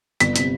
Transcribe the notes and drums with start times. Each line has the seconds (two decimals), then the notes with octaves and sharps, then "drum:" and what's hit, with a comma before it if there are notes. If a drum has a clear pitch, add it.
0.20 G1 B6, drum: hi-hat
0.36 C3, drum: hi-hat